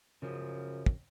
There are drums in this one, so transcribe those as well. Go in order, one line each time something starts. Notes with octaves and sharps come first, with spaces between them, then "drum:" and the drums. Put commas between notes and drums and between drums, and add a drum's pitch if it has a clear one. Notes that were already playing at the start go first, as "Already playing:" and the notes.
F#2 C#3 F3
drum: kick